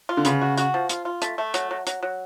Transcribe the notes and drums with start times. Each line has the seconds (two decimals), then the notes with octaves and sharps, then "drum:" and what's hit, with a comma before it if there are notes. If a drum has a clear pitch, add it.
0.09 F4
0.17 D3
0.25 C#3 B3, drum: hi-hat
0.41 F#4
0.57 F#4, drum: hi-hat
0.74 F3
0.89 F4, drum: hi-hat
1.05 F4
1.22 A3, drum: hi-hat
1.38 A3
1.54 F#3, drum: hi-hat
1.71 F#3
1.87 F#3, drum: hi-hat
2.03 F#3